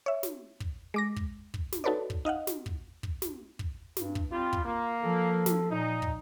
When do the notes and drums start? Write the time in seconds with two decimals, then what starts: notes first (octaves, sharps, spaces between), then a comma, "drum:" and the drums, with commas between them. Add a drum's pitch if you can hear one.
0.06 C#5 E5
0.23 drum: snare
0.60 drum: kick
0.94 G#3 D6 A#6
1.16 drum: kick
1.54 drum: kick
1.72 drum: snare
1.84 D#4 F#4 A4 B4 C#5 D5
2.10 drum: kick
2.25 D#4 D#5 F5 F#5
2.47 drum: snare
2.66 drum: kick
3.03 drum: kick
3.22 drum: snare
3.59 drum: kick
3.97 G2, drum: snare
4.15 drum: kick
4.31 G3 C4 F4
4.53 drum: kick
4.64 A#3 F4
5.01 F3 A4
5.46 drum: snare
5.71 A#2 D#4
6.02 drum: kick